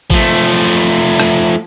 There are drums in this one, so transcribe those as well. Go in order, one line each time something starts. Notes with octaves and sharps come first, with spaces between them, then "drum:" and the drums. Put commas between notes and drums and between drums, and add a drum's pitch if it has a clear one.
F3 A3, drum: kick A1
drum: rim click